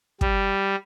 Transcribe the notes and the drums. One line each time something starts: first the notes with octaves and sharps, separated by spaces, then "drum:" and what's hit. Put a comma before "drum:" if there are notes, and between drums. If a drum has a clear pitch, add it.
G3, drum: kick